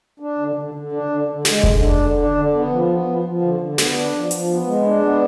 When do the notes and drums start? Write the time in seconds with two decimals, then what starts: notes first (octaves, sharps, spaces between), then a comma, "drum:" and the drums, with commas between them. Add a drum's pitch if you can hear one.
0.20 D4
0.39 D3
0.55 D3
0.74 D3
0.92 D4
1.09 D3
1.28 D3
1.45 G#3, drum: snare
1.63 D3, drum: kick F1
1.81 D4
1.99 D3
2.16 D4
2.35 D3
2.53 B3
2.70 F3
2.88 B3
3.05 F3
3.24 F3
3.42 D3
3.60 D3
3.78 B3, drum: snare
3.95 D4
4.14 F3
4.31 F3, drum: hi-hat
4.49 B3
4.66 G#3
4.85 D4
5.03 B3